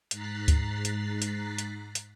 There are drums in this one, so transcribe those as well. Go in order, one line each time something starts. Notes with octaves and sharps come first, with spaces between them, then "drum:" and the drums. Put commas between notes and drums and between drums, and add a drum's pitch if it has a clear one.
G#2 A#5 F#6 A6 B6 C7, drum: hi-hat
drum: kick D2, hi-hat
drum: hi-hat
drum: hi-hat
drum: hi-hat
drum: hi-hat